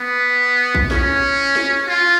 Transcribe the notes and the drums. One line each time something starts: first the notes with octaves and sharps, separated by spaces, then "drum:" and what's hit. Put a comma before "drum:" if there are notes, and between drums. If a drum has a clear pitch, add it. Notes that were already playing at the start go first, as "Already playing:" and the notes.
Already playing: B3
drum: kick
C#4, drum: snare
drum: snare
F4